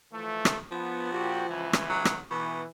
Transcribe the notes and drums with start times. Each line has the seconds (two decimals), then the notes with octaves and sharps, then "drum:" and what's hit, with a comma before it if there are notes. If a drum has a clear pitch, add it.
0.12 E3 F3 A3
0.45 drum: rim click
0.71 F3 B3
1.11 A#2 F#4 G4
1.48 C#2 E3
1.73 drum: rim click
1.89 F#3
2.05 drum: rim click
2.30 B2 E3